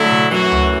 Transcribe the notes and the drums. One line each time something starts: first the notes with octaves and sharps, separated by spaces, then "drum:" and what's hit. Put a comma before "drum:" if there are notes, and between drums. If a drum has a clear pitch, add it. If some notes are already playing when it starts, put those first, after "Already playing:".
Already playing: D3 F#3 A3 E4
drum: tom B2
F#2 E3 F#3 A3 F#4
drum: tom C#2